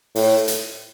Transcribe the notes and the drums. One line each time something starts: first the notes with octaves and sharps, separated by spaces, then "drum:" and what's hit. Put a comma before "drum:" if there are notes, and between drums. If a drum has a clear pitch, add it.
A2, drum: open hi-hat
drum: hi-hat